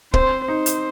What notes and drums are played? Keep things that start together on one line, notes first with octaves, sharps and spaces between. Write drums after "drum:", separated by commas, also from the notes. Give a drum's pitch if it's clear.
C4 C5, drum: kick
D#4 C5
drum: hi-hat